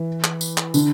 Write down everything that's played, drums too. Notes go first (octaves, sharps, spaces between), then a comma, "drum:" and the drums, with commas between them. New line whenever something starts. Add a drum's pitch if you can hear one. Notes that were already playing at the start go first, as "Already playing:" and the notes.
Already playing: E3
drum: clap
drum: tambourine
drum: clap
D3, drum: tambourine